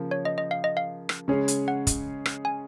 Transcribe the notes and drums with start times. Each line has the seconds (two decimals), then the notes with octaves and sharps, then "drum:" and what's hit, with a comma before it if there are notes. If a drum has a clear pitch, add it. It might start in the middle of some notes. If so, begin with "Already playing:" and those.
Already playing: C#3 F3 A#3
0.11 C#5
0.25 D#5
0.38 D#5
0.51 F5
0.64 D#5
0.77 F5
1.09 drum: rim click
1.28 C#3 G#3 C#4 G#4 C#5
1.48 drum: hi-hat
1.68 F#5
1.87 drum: kick, hi-hat
2.26 drum: rim click
2.45 G#5